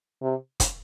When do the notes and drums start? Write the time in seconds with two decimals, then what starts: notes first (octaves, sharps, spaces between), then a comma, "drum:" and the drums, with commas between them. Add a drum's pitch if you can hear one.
0.22 C3
0.60 drum: kick, hi-hat